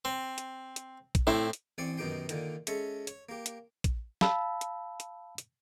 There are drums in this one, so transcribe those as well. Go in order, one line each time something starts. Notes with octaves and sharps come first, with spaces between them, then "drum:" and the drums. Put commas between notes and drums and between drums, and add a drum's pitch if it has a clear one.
C4
drum: hi-hat
drum: hi-hat
drum: kick, hi-hat
A2 C4 E4
drum: hi-hat
A1 C4 D5 G#5 C6 C#6
F#2 B2 D#3 G4 G5 C6
A#2 D3 D#3, drum: hi-hat
G#3 C#4 A4 E5 C#6, drum: hi-hat
C#5, drum: hi-hat
A#3 G4
drum: hi-hat
drum: kick, hi-hat
F5 A5 B5 E6, drum: snare
drum: hi-hat
drum: hi-hat
drum: hi-hat